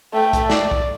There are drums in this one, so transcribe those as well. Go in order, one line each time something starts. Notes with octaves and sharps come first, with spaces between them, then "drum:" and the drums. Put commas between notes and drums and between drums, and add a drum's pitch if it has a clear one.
A3 G5
drum: kick, hi-hat
D5, drum: snare
drum: kick